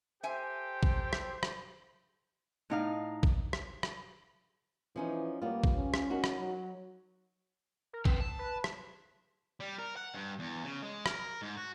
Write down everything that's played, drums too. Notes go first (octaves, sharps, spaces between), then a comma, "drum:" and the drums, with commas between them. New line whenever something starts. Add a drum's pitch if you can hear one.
G4 A4 C5 E5 G5 G#5
drum: kick A1
drum: rim click
drum: rim click
A2 D#4 F5
drum: kick A1
drum: rim click
drum: rim click
E3 F3 C#4 D#4
G3 A#3 B3 F4
drum: kick A1
C#4
drum: rim click
D#4 F#4 A#4
drum: rim click
F#3
A#4
C4 B4 E6, drum: kick A1
A5
B4
drum: rim click
G3
A#4
F#5
G2
E2
C#3
G#3
A#4, drum: rim click
G#2
F#4